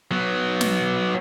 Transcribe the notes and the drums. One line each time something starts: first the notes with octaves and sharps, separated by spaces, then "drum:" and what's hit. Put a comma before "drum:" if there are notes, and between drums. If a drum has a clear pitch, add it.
F#3 B3
drum: snare